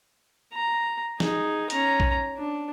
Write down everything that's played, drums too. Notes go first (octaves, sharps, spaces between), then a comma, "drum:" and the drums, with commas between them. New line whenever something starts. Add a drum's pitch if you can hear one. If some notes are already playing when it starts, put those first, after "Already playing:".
A#5
D#4 G#4, drum: snare
C#4 A#5, drum: hi-hat
drum: kick A#1
D4